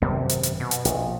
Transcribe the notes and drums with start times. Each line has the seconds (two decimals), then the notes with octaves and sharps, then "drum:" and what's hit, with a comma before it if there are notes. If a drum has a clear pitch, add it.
0.02 G#1 F#2 C3 B3
0.29 drum: hi-hat
0.43 drum: hi-hat
0.60 B2
0.71 drum: hi-hat
0.85 A#1, drum: hi-hat